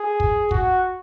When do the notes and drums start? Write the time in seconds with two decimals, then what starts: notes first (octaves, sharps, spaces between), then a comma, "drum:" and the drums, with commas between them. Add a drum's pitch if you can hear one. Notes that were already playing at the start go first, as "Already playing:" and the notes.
Already playing: G#4
0.20 drum: kick
0.51 F#4, drum: kick